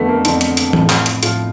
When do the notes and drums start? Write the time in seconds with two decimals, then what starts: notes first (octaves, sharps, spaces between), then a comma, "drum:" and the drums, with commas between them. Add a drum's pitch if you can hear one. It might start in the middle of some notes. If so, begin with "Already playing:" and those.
Already playing: F2 D3 F3 A3 B3
0.09 A#3
0.25 F2 D3 F3 C4, drum: hi-hat
0.41 drum: hi-hat
0.57 drum: hi-hat
0.73 A2 F3, drum: tom E3
0.90 drum: clap
1.06 drum: hi-hat
1.23 A2 F3 F4, drum: hi-hat